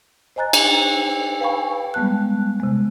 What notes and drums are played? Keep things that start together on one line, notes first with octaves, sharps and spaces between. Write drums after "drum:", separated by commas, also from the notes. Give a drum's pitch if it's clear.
C5 D#5 G#5 A#5 F#6 A6
drum: cymbal
B4 F5 G5 G#5 B5 C#6
G3 G#3 B3 A5 F#6
C3 G#3